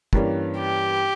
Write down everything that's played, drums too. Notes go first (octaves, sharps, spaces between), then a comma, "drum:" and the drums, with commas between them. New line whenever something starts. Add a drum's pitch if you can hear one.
G2 E3 G3 A#3 C#4, drum: kick
G4